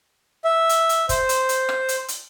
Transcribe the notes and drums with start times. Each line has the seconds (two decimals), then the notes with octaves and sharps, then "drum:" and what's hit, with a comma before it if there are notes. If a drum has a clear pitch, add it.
0.44 E5
0.69 drum: hi-hat
0.89 drum: hi-hat
1.09 C5, drum: kick, hi-hat
1.29 drum: hi-hat
1.49 drum: hi-hat
1.69 drum: rim click
1.89 drum: hi-hat
2.08 drum: hi-hat